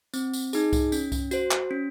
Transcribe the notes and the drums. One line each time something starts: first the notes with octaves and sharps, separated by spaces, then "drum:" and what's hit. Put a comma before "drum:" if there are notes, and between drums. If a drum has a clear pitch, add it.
C4, drum: tambourine
drum: tambourine
D#4 G#4, drum: tambourine
drum: kick C2, tambourine
C#4, drum: tambourine
drum: kick C2, tambourine
F#4 C5, drum: tambourine
drum: clap
C#4